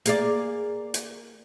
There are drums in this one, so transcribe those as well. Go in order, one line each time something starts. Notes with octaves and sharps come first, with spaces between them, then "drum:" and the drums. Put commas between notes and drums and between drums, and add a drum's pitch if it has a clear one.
A#3 G#4 D5, drum: hi-hat
drum: hi-hat